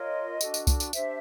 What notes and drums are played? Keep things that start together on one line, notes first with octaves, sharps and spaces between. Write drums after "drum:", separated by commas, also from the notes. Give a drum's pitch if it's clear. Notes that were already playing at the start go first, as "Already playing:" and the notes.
Already playing: F4 A#4 C#5 D#5
D4 F#4 A4, drum: tambourine
drum: tambourine
drum: kick C2, tambourine
drum: tambourine
D4 G4 C5 E5, drum: tambourine